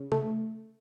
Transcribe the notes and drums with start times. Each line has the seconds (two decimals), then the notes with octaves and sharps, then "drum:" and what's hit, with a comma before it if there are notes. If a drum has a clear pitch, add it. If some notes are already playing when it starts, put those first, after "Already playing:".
Already playing: C#3
0.12 A3, drum: tom C3